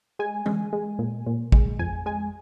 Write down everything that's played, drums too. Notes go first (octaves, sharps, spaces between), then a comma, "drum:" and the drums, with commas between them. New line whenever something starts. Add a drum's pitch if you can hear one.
G#3 G#5
G#3, drum: tom E3
G#3
A#2
A#2
G#3, drum: kick
F2 G#5
G#3 G#5